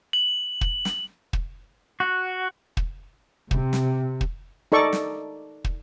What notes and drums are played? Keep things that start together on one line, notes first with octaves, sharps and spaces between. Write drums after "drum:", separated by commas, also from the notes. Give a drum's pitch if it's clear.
F#7
drum: kick
drum: snare
drum: kick
F#4
drum: kick
C3, drum: kick
drum: snare
drum: kick
D#4 A4 D5 C#6
drum: snare
drum: kick